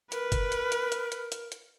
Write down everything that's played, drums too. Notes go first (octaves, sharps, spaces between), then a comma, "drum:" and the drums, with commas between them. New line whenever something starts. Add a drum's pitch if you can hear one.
A#4 B4, drum: hi-hat
drum: kick F#1, hi-hat
drum: hi-hat
drum: hi-hat
drum: hi-hat
drum: hi-hat
drum: hi-hat
drum: hi-hat